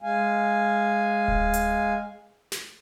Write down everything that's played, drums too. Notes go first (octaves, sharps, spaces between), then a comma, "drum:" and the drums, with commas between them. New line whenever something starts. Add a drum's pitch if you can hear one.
G#3 F5 G#5
drum: kick D1
drum: hi-hat
drum: snare